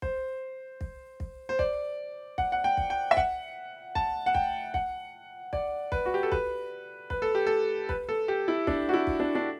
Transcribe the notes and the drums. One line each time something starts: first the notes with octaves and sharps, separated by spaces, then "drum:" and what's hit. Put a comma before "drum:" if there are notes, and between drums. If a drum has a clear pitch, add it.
C5, drum: kick
drum: kick
drum: kick
C5
D5, drum: kick
F#5, drum: kick
F#5
G5
drum: kick
G5
E5
F#5, drum: kick
A5, drum: kick
F#5
G5, drum: kick
F#5, drum: kick
D5, drum: kick
B4, drum: kick
F#4
G4
A4
B4, drum: kick
B4, drum: kick
A4
G4
A4
B4, drum: kick
A4
G4
E4
D4, drum: kick
F#4
E4
drum: kick
D4
D4